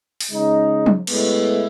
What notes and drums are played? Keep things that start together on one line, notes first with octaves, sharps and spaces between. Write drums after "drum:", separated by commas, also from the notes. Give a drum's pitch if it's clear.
drum: open hi-hat
C#3 G#3 D#4
drum: tom
A2 G#3 B3 E4, drum: cymbal